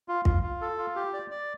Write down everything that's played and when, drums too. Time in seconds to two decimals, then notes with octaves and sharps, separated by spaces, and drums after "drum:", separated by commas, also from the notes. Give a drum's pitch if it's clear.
0.08 F4
0.25 F4, drum: kick
0.43 F4
0.61 A4
0.78 F4
0.96 G4
1.13 D5
1.31 D5